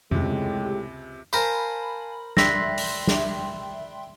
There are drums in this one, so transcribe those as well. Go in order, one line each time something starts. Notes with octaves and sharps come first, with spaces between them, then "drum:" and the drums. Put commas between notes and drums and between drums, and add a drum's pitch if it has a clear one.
C#2 A2 C3 G#3 G4, drum: tom F2
A#4 C5 F5 G#5 A5 B5
D5 E5 G5 B5 C6 F#6 A#6 B6, drum: snare
drum: open hi-hat
drum: snare